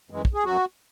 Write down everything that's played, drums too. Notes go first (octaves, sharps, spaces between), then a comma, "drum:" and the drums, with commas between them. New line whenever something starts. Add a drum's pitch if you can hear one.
F#2 E3 G#3
drum: kick
G#4
F#2 F#3 F#4